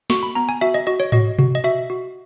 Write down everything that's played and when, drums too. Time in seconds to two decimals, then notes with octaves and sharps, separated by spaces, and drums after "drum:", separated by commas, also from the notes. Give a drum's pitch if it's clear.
0.10 F#4 C#6, drum: snare
0.23 B5
0.35 B3 A#5
0.49 G#5
0.61 F#4 E5
0.74 D#5
0.87 F#4 D#5
1.00 C#5
1.12 F#4 D#5, drum: tom G#2
1.39 F#4, drum: tom B2
1.55 D#5
1.64 F#4 E5
1.90 F#4